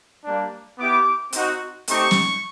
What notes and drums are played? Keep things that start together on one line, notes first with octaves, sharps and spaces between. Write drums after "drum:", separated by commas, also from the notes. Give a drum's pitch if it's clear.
G3 A#3 D4
B3 E4 G4 D6
C4 D#4 F#4, drum: hi-hat
A3 C4 D#4 G4 C#6, drum: hi-hat
drum: snare